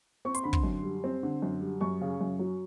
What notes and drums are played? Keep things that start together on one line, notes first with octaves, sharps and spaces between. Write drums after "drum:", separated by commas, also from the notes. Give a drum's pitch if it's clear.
C4 C#6
C6, drum: hi-hat
D3 B5
C6, drum: kick
F#2
G3
C4
D3
F#2
G3
F#2 C#6
C#3
F#2
F#3